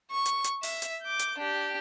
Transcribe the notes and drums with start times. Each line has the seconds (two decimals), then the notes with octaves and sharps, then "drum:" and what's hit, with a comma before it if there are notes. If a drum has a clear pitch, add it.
0.11 C#6
0.26 drum: hi-hat
0.44 drum: hi-hat
0.63 E5, drum: open hi-hat
0.82 drum: hi-hat
1.02 D6 G6
1.19 drum: hi-hat
1.38 D4 G4